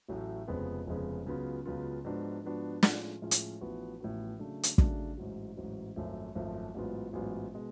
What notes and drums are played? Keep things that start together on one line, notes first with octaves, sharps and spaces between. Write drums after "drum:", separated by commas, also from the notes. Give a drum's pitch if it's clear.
A1 A2 F#3 A3
F1 F2 C#3 G#3 B3
F1 F2 C#3 G#3 B3
C#2 C#3 F#3 B3 F4
C#2 C#3 F#3 B3 F4
G#2 F3 B3 D4 F#4
G#2 F3 B3 D4 F#4
A2 F3 G#3 C#4 F4, drum: snare
A2 F3 G#3 C#4 F4
drum: hi-hat
A1 A2 F3 B3 F#4
A1 A2 F3 B3 F#4
C#3 F#3 A3 D4
drum: hi-hat
C#3 F#3 A3 D4, drum: kick
A1 G#2 F#3
A1 G#2 F#3
G#1 F#2 F3 A3
G#1 F#2 F3 A3
A1 G#2 F#3 B3 F4
A1 G#2 F#3 B3 F4
B2 G#3